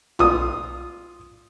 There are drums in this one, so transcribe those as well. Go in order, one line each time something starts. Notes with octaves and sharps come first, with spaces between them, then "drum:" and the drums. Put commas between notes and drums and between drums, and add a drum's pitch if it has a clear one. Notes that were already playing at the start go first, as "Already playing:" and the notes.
F4 D#6, drum: tom B1